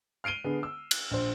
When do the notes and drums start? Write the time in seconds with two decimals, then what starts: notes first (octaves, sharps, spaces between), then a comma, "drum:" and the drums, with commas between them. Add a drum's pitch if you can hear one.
0.24 F6 C7 D7 D#7 G7
0.44 D3 B3 G#4
0.63 E6
0.91 drum: cymbal
1.11 A#1 C5